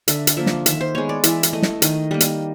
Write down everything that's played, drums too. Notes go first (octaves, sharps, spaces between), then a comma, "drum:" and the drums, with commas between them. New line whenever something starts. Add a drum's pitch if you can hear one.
D3 E5, drum: hi-hat
drum: hi-hat
F3 A#3 E5
drum: snare
D#3 E5, drum: hi-hat
C5
G#3 B3 C#5
D5
E3 E5, drum: hi-hat
drum: hi-hat
A3 D#5
drum: snare
D#3 D#5, drum: hi-hat
G3 A#3 D#5
drum: hi-hat